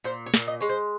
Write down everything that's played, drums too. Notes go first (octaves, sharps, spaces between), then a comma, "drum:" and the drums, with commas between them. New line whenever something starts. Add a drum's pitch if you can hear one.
A#2 C5
C#5
A#2, drum: snare
D#5
G#3 C#5
C5